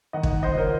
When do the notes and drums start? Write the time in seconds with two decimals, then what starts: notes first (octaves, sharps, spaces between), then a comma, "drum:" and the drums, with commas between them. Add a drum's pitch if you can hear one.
0.13 D#3 D#5 F#5
0.23 drum: kick
0.34 D#3
0.43 C5 D#5
0.53 C#2 A#4 C#5